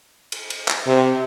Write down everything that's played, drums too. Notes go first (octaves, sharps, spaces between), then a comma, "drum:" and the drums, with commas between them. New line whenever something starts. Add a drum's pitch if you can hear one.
drum: cymbal
drum: cymbal
drum: clap
C3